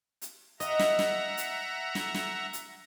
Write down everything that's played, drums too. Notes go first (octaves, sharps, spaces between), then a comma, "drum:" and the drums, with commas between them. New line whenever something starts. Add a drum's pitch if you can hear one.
drum: hi-hat
D#5 E5 F#5 A#5, drum: hi-hat
drum: snare
drum: snare
drum: hi-hat
drum: snare
drum: snare
drum: hi-hat